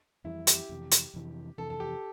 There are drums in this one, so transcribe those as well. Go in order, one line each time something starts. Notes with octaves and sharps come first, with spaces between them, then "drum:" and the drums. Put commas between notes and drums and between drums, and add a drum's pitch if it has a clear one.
F2 E3 G3 E4
G4, drum: hi-hat
F2 C3 E3
drum: hi-hat
F2 C3 E3
F2 C3 E3 A4
A4
G4